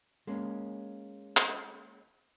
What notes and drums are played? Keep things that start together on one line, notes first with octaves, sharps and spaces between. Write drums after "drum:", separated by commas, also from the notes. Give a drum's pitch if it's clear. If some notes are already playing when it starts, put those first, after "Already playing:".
G#3 A#3 C#4
drum: clap